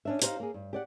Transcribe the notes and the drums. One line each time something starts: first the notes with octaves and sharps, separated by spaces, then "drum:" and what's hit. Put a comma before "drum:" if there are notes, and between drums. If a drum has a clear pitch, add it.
C#4 D4 E5
D#4 G4 C5 C#5 F5, drum: hi-hat
A#3 G#4
G2
G4 D5 F#5